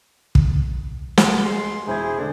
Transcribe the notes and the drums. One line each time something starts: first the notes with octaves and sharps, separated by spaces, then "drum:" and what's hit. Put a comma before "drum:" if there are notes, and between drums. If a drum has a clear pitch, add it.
drum: kick
F#5, drum: snare
G#3 C6
E1 E4 G#4 C5 G#6
D3 A3 D4